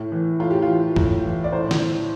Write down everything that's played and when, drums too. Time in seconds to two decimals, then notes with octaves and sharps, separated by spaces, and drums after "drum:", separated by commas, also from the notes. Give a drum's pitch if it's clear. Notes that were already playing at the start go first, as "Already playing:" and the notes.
Already playing: A2
0.12 E3
0.40 A2 F4
0.50 G4
0.62 E3 F4
0.96 A2, drum: kick
1.24 E3
1.44 D5
1.52 A2 C5
1.71 drum: snare